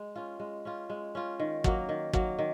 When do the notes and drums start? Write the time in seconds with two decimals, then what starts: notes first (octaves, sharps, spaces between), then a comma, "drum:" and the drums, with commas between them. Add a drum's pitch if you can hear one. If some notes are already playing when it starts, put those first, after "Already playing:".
Already playing: G#3
0.16 C#4 F4
0.40 G#3
0.65 C#4 F4
0.90 G#3
1.15 C#4 F4
1.40 D#3
1.64 F#3 A#3, drum: kick
1.89 D#3
2.14 F#3 A#3, drum: kick
2.39 D#3